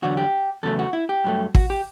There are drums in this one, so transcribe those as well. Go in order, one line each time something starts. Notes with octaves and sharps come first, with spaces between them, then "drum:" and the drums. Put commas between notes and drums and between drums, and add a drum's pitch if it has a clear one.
E2 D3 F#3 F#4
G4
E2 C#3 F#3 A3 A4
F#4
E4
G4
G2 F#3 A3
F#4, drum: kick
G4